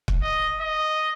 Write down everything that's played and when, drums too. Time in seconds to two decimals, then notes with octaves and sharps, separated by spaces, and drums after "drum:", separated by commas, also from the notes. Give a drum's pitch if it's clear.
0.08 drum: kick
0.22 D#5
0.61 D#5